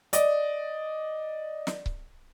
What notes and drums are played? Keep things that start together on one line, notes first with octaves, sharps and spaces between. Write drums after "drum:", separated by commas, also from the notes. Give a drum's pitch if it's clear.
D5 D#5, drum: hi-hat
drum: snare
drum: kick C#1